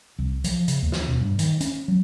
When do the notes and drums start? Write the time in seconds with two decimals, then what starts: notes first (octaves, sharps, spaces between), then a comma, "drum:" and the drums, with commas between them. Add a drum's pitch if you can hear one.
0.18 C2
0.44 F3, drum: hi-hat
0.68 C#3, drum: hi-hat
0.82 D#2
0.92 drum: snare
1.08 B2
1.21 G2
1.39 D#3, drum: hi-hat
1.61 C#4, drum: hi-hat
1.88 F#3